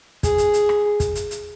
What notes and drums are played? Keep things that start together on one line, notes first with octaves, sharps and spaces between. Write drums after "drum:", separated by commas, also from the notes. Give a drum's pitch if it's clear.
G#4, drum: kick, hi-hat
drum: hi-hat
drum: hi-hat
drum: rim click
drum: kick, hi-hat
drum: hi-hat
drum: hi-hat